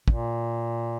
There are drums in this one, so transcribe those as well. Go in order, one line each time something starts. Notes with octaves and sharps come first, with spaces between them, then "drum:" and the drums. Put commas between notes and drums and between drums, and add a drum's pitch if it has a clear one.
A#2, drum: kick